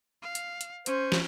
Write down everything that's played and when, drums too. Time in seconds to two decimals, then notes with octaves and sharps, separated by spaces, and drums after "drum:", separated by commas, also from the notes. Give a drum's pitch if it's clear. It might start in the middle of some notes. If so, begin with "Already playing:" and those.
0.22 F5
0.35 drum: hi-hat
0.61 drum: hi-hat
0.86 C#4 C5, drum: hi-hat
1.12 drum: snare